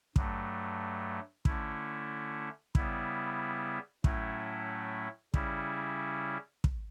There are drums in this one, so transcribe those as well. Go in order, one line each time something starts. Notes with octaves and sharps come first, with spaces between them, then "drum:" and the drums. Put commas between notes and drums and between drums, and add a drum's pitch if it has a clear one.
G2 F#3 A3, drum: kick
D3 A3 C#4 E4, drum: kick
C#3 G3 B3 E4, drum: kick
A2 F#3 A3 C#4 E4, drum: kick
C#3 G3 C#4 E4, drum: kick
drum: kick